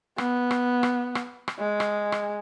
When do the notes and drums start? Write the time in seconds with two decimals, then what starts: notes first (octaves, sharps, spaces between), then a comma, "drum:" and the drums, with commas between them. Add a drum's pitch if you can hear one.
0.18 B3, drum: rim click
0.51 drum: rim click
0.83 drum: rim click
1.15 drum: rim click
1.48 drum: rim click
1.59 G#3
1.80 drum: rim click
2.12 drum: rim click